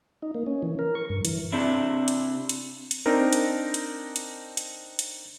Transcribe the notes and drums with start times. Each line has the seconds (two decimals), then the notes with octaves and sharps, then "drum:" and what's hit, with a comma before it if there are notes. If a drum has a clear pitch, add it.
0.22 D#4
0.35 A#3
0.47 C#4
0.62 E3
0.79 A#4
0.95 C#6
1.10 G2
1.25 E3, drum: hi-hat
1.52 C3 D4 E4
2.08 drum: hi-hat
2.49 drum: hi-hat
2.91 drum: hi-hat
3.06 C4 D4 D#4 A#4
3.33 drum: hi-hat
3.74 drum: hi-hat
4.16 drum: hi-hat
4.57 drum: hi-hat
4.99 drum: hi-hat